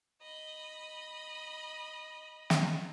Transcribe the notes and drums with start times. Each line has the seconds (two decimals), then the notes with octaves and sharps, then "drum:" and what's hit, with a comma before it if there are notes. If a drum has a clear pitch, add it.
0.22 D#5 B5
2.50 drum: snare